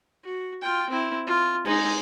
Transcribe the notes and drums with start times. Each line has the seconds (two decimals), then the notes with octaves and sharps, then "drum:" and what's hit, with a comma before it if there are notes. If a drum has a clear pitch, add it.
0.24 F#4
0.61 F4 G5
0.90 C4 E4
1.27 F4
1.65 G#3 D#4, drum: cymbal